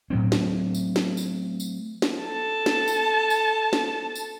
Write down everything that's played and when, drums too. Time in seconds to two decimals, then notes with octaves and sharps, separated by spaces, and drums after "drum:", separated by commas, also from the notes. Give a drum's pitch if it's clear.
0.10 A2 F#3 C4
0.32 drum: snare
0.75 drum: tambourine
0.96 drum: snare
1.17 drum: tambourine
1.60 drum: tambourine
2.02 drum: snare
2.24 A4 A5
2.66 drum: snare
2.88 drum: tambourine
3.30 drum: tambourine
3.73 drum: snare
4.15 drum: tambourine